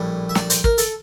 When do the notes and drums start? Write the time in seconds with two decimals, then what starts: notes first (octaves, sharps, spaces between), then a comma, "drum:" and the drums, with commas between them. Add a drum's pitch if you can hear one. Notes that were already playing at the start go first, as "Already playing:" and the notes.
Already playing: A#1 A2 G3
0.29 E5
0.35 D5, drum: snare
0.50 C5, drum: hi-hat
0.64 A#4, drum: kick
0.78 A4, drum: hi-hat